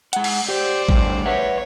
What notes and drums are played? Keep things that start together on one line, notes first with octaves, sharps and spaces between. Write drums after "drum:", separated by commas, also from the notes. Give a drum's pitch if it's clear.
G#3 F#5, drum: hi-hat
drum: cymbal
G4 C5 D5
A2 D3 G3, drum: kick A1
B4 C#5 E5 F#5